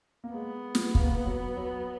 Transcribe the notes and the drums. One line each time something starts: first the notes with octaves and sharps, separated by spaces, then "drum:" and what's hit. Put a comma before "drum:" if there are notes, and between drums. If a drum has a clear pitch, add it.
A#3
G#3 B3
drum: snare
A#3, drum: kick
F#3
F#3